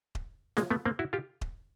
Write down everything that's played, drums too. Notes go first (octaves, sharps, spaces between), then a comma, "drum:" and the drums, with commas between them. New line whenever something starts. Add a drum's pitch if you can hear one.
drum: kick D#1
G#3 A#3, drum: snare F4
A3 B3
A#3 C4
E4 F#4
F4 G4
drum: kick D#1